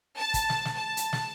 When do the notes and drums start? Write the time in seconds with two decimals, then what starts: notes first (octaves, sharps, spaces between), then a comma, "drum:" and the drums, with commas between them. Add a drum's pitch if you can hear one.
0.18 A5
0.34 drum: kick, hi-hat
0.50 drum: snare
0.65 drum: snare
0.76 A5
0.97 drum: hi-hat
1.13 drum: snare